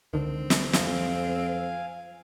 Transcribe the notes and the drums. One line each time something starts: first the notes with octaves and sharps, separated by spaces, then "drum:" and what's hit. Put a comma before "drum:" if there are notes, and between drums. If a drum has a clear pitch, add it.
C#2 D3 D#3 C4
drum: snare
F2 F5 G#5, drum: snare